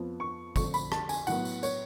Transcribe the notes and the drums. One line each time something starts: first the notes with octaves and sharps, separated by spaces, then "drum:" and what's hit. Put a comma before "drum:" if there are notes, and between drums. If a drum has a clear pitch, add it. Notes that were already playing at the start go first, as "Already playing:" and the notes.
Already playing: F2 F3 B3
C#6
F2 D3 F3 A3 C#6, drum: kick, tambourine
B5, drum: tambourine
A5, drum: rim click
G#5, drum: tambourine
A2 F#3 B3 F#5, drum: tambourine
drum: tambourine
C#5, drum: tambourine